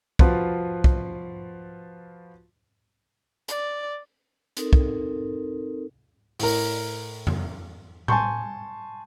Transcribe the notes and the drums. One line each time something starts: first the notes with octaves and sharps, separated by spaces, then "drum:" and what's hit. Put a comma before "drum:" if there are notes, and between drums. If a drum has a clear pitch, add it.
F3 F4 F#4 B4, drum: kick
drum: kick
D5, drum: hi-hat
C4 D#4 A4 A#4, drum: hi-hat
drum: kick
A2 A#4, drum: open hi-hat
drum: tom F2
G#5 A5 C6 C#6 G6, drum: tom A2